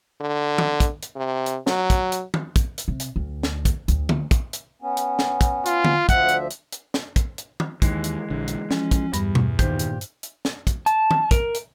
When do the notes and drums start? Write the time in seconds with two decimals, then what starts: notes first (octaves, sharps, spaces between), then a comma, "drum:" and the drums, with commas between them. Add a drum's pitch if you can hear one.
0.21 D3
0.58 drum: tom
0.80 drum: kick, hi-hat
1.02 drum: hi-hat
1.16 C3
1.46 drum: hi-hat
1.67 F#3, drum: snare
1.90 drum: kick, hi-hat
2.12 drum: hi-hat
2.34 drum: tom
2.56 drum: kick, hi-hat
2.78 drum: hi-hat
2.88 C3
3.00 drum: hi-hat
3.16 D2
3.43 drum: snare
3.65 drum: kick, hi-hat
3.88 D2, drum: hi-hat
4.09 drum: tom D3
4.31 drum: kick, hi-hat
4.53 drum: hi-hat
4.82 B3 C#4
4.97 drum: hi-hat
5.19 drum: snare
5.41 drum: kick, hi-hat
5.65 F4, drum: hi-hat
5.85 drum: tom D3
6.09 D2 F3 E5 F#5, drum: kick, hi-hat
6.28 drum: hi-hat
6.50 drum: hi-hat
6.72 drum: hi-hat
6.94 drum: snare
7.16 drum: kick, hi-hat
7.38 drum: hi-hat
7.60 drum: tom
7.82 D#2 D#3 E3 G#3, drum: kick, hi-hat
8.04 drum: hi-hat
8.30 A#1 D3
8.48 drum: hi-hat
8.71 F3 C#4, drum: snare
8.91 drum: kick, hi-hat
9.13 E2 G2 G3 B5, drum: hi-hat
9.35 drum: tom B2
9.59 A#2 D#3 G4 C5, drum: kick, hi-hat
9.79 drum: hi-hat
10.01 drum: hi-hat
10.23 drum: hi-hat
10.45 drum: snare
10.67 drum: kick, hi-hat
10.86 A5, drum: hi-hat
11.11 drum: tom
11.31 A#4, drum: kick, hi-hat
11.54 drum: hi-hat